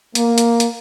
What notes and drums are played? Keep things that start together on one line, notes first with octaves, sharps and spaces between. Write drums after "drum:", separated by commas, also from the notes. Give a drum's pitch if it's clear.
A#3, drum: hi-hat
drum: hi-hat
drum: hi-hat